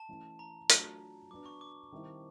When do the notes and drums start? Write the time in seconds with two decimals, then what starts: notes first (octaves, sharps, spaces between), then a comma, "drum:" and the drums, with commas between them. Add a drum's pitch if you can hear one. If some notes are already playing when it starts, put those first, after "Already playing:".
Already playing: A5
0.09 E3 A3 C#4 E4
0.39 A#5
0.70 F#3 A3 D4 F4, drum: hi-hat
1.31 F#3 B3 D4 D6
1.46 C#6
1.61 D6
1.92 D#3 G3 C4 E4